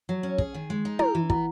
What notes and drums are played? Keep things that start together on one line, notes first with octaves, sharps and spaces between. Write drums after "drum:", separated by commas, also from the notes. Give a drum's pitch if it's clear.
F#3
C#4
G#4, drum: kick
D#3
G#3
D#4
E4 A#4, drum: tom
E3
B3 E4, drum: kick